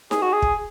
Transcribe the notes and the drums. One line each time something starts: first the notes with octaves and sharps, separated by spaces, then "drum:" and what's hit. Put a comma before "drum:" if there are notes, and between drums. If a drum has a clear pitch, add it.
G#4, drum: snare D#4
F#4
G#4
drum: kick